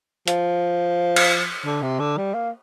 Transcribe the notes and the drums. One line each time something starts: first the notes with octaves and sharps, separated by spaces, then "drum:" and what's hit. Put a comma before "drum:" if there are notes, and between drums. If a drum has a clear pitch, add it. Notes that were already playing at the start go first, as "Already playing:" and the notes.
F3, drum: hi-hat
drum: cymbal
D3
C3
D3
G3
A#3